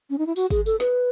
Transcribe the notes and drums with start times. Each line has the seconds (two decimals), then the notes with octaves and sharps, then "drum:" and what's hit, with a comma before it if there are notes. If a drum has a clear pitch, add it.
0.10 C#4
0.18 D#4
0.27 E4
0.36 F#4, drum: tambourine
0.50 G#4, drum: kick, tambourine
0.66 A4, drum: tambourine
0.80 B4, drum: snare